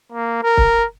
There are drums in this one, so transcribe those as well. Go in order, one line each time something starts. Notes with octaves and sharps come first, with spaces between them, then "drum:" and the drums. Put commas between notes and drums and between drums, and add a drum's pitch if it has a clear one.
A#3
A#4
drum: kick